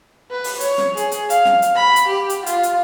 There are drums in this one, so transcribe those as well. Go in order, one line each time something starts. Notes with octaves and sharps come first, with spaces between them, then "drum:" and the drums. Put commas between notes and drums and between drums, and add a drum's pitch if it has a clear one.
B4
drum: open hi-hat
C#5, drum: hi-hat
drum: snare
G#4, drum: hi-hat
drum: hi-hat
F5, drum: hi-hat
drum: snare
drum: hi-hat
B5
drum: hi-hat
G4
drum: hi-hat
F4, drum: hi-hat
drum: hi-hat